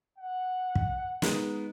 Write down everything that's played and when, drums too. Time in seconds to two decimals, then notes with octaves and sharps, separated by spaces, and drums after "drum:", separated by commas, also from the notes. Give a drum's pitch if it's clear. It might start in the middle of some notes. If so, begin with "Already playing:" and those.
0.18 F#5
0.75 drum: kick
1.22 G#3 B3 D#4, drum: snare